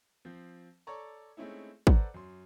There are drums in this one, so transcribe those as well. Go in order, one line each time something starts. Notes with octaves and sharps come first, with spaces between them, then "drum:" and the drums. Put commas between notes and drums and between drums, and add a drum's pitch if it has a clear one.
F3 C4
A4 C#5 D5 A#5 C#6
G#3 A3 C4 C#4 D#4 E4
A4 B4 C5 D5 F#5 A#5, drum: kick
F#2 C6